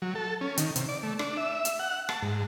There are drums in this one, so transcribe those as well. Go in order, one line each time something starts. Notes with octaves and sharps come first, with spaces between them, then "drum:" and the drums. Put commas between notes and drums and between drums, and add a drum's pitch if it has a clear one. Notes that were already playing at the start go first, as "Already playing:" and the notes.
F#3
A4
C#4
D#3, drum: hi-hat
C3, drum: hi-hat
D5
A3
D4, drum: rim click
E5
drum: hi-hat
F#5
A5, drum: rim click
G#2